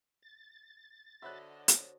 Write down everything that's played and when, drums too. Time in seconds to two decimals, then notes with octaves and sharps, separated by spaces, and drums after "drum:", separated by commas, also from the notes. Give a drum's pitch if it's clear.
0.23 A6
1.22 D3 F#4 C5 C#5 D#5 E5 B5 F#6
1.68 drum: hi-hat